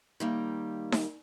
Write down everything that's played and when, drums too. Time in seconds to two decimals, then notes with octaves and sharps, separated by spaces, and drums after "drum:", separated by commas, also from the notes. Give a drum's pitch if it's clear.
0.20 D#3 G3 A#3
0.92 drum: snare D#4